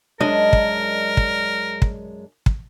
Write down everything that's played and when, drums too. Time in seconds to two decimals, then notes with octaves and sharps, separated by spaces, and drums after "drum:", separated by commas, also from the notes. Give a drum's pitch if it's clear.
0.20 F#2 G#3 D4 A#4 D#5
0.53 drum: kick
1.17 drum: kick
1.82 drum: kick
2.46 drum: kick